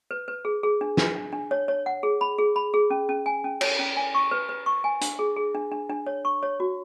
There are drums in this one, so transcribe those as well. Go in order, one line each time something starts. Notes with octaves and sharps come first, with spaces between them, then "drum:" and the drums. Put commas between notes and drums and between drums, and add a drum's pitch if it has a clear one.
B4
B4
G#4
G#4
D4
D4, drum: snare
D4
D4
C#5
C#5
F#5
G#4
B5
G#4
B5
G#4
C#4
C#4
G#5
C#4
C#5, drum: cymbal
C#4
G#5
C#6
B4
B4
C#6
G#5
D4, drum: hi-hat
G#4
G#4
D4
D4
D4
C#5
C#6
C#5
F#4